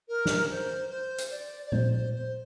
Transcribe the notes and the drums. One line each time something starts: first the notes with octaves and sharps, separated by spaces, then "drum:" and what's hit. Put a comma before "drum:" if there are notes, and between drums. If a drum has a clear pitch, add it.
A#4
drum: snare
C5
C5
drum: hi-hat
D5
D5
C5, drum: tom
C5
C5